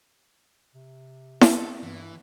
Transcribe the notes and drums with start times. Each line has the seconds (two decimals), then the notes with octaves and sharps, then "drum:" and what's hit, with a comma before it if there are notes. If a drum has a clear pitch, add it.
0.75 C3
1.41 A4, drum: snare E4
1.83 G2 E3